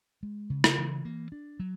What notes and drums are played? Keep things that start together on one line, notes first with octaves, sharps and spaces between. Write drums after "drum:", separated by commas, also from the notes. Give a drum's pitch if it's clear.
G#3
C#3
drum: rim click
E3
A#3
D4
F#3